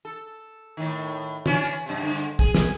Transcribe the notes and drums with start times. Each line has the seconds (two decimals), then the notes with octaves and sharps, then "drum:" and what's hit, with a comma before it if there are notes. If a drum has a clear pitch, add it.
0.05 A4
0.77 A2 D#3
1.46 E3 C#4 D4, drum: tom
1.62 drum: tambourine
1.86 F#2 C3
2.00 G2 D3
2.39 G#4, drum: kick
2.54 drum: snare